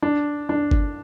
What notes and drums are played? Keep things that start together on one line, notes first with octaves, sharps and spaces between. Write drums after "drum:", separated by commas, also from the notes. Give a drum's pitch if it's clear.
D4
D4
drum: kick G1